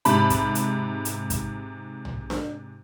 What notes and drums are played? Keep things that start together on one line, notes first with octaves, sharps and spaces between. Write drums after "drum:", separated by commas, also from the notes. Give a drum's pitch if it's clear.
G#2 C3 A5 B5, drum: hi-hat
drum: kick, hi-hat
drum: hi-hat
drum: hi-hat
drum: kick, hi-hat
drum: tom
drum: snare D4